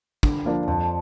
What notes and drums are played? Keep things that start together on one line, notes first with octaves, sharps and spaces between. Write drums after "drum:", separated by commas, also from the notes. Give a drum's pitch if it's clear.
D3 G3, drum: kick
F3 A#3 D4
F2 D3 F3